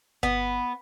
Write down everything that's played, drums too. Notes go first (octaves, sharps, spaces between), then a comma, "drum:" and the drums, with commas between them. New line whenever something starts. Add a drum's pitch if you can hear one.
B3, drum: kick G1